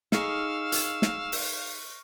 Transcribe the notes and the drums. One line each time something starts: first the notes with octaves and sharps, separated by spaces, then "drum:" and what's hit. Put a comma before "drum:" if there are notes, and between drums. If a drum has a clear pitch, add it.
D#4 G#4 F5 C#6 E6 F6 C#7, drum: snare
drum: hi-hat
drum: snare
drum: open hi-hat